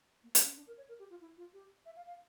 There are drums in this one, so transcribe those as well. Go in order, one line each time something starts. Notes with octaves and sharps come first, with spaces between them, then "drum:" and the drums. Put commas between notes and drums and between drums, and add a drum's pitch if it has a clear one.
A#3
A#3, drum: hi-hat
C#4
D4
A#4
C#5
A#4
G4
F4
E4
F4
G4
E5
F5
F5